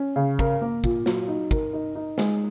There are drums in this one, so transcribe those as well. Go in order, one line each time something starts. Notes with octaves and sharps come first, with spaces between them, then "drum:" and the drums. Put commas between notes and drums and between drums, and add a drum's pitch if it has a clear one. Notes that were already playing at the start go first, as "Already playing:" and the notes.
Already playing: C#4
C#3
A#4, drum: kick
A#3
A#2, drum: kick
F#3, drum: snare
D#4
A#4, drum: kick
D#4
D#4
G#3, drum: snare